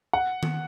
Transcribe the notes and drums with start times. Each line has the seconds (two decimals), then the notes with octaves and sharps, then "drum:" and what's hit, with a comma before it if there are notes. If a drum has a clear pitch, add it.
0.13 F#5
0.43 drum: tom D#3